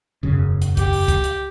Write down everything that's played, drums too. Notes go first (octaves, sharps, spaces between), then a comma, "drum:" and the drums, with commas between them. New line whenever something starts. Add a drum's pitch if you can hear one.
E1 F#2 C#3
drum: hi-hat
G4, drum: kick, hi-hat
drum: open hi-hat
drum: kick, hi-hat
drum: hi-hat